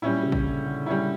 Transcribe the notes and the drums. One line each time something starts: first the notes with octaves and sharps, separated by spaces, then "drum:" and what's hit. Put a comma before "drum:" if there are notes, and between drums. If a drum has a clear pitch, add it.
A#2 G3 C#4 E4
C#3
drum: kick
D3
D3
G3 C#4 E4